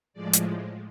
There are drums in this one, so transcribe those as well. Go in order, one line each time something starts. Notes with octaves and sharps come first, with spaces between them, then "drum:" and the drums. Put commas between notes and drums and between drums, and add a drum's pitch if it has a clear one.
A2 F3 G#3 D5
drum: hi-hat